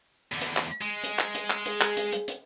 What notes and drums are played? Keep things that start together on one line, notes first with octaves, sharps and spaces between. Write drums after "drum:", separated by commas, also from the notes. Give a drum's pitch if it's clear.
E2 D3
drum: hi-hat
drum: clap
G#3
drum: hi-hat
drum: clap
drum: hi-hat
drum: clap
G#4, drum: hi-hat
drum: clap
drum: hi-hat
drum: hi-hat
drum: hi-hat